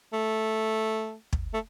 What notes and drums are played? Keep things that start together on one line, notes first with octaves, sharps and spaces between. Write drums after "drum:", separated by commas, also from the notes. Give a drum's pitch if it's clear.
A3
drum: kick
A3